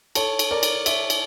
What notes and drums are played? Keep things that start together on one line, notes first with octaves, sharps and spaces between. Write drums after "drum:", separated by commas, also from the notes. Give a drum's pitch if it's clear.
A4 C#5, drum: cymbal
drum: cymbal
A#4 D5
drum: cymbal
C#5 E5, drum: cymbal
drum: cymbal